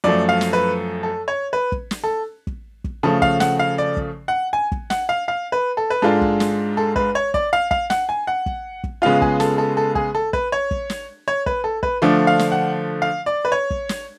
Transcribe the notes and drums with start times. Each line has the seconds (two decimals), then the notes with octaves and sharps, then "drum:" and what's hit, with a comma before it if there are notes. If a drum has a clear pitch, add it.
0.04 F#2 F3 A3 D5
0.29 F5
0.41 drum: snare
0.53 B4
1.03 A4
1.28 C#5
1.53 B4
1.72 drum: kick
1.91 drum: snare
2.04 A4
2.47 drum: kick
2.84 drum: kick
3.03 C#3 F3 A3 A4
3.22 F5, drum: kick
3.40 F#5, drum: snare
3.59 F5
3.78 D5
3.97 drum: kick
4.28 F#5
4.53 G#5
4.72 drum: kick
4.90 F#5, drum: snare
5.09 F5
5.28 F5
5.52 B4
5.77 A4
5.90 B4
6.02 G#2 G#3 D4 F4 A4
6.21 drum: kick
6.40 drum: snare
6.77 A4
6.96 B4, drum: kick
7.15 C#5
7.34 D5, drum: kick
7.53 F5
7.71 F5, drum: kick
7.90 F#5, drum: snare
8.09 G#5
8.27 F#5
8.46 drum: kick
8.84 drum: kick
9.02 C#3 G#3 B3 F4 F5
9.22 G#4, drum: kick
9.40 A4, drum: snare
9.58 A4
9.77 A4
9.95 G#4, drum: kick
10.15 A4
10.33 B4, drum: kick
10.52 C#5
10.71 drum: kick
10.90 drum: snare
11.28 C#5
11.46 B4, drum: kick
11.64 A4
11.83 B4, drum: kick
12.02 D3 F3 A3 D4 F4 D5
12.27 F5
12.39 drum: snare
12.52 F#5
13.02 F5
13.26 D5
13.45 B4
13.52 C#5
13.70 drum: kick
13.89 drum: snare